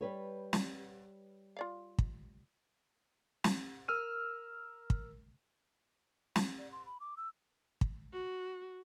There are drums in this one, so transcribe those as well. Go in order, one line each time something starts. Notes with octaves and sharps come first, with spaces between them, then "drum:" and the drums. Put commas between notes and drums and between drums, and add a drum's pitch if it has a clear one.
G3 B4 C#5
drum: snare
F4 D5 F5
drum: kick
drum: snare
A#4 E6 F6 D#7
drum: kick
drum: snare
D5
C6
B5
D6
E6
drum: kick
F#4